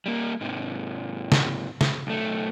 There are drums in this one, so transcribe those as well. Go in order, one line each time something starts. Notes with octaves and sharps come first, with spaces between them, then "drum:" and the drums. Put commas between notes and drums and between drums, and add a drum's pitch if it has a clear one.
G3 A#3
G#2 C3
drum: snare
drum: snare
B1 A3